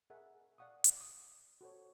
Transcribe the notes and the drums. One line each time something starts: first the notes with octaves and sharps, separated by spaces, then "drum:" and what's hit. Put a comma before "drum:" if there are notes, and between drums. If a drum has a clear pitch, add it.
G#4 A#4 E5 F#5
D5 F5 F#5 C#6 D#6
drum: hi-hat
D6 D#6
F#4 A4 C5 C#5